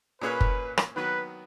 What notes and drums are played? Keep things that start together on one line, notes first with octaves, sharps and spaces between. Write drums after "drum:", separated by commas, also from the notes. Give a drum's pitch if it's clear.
A#2 A#3 C#4 G#4 B4 C#5
drum: kick
drum: rim click
D#3 F#3 B3 F#4 B4